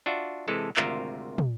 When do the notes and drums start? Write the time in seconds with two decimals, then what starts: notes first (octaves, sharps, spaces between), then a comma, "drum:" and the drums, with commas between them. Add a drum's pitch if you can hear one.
0.06 D4 F4 F#4 E5
0.48 C3 E3 G#3 A4 A5
0.77 G#1 D2 C3 F4 A#4 E5, drum: clap
1.38 drum: tom